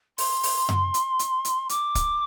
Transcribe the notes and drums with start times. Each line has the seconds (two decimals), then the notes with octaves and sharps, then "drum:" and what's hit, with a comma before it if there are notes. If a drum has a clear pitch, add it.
0.18 C6, drum: open hi-hat
0.43 drum: open hi-hat
0.69 drum: tom F#2
0.94 drum: hi-hat
1.19 drum: hi-hat
1.45 drum: hi-hat
1.69 D6, drum: hi-hat
1.95 drum: kick, hi-hat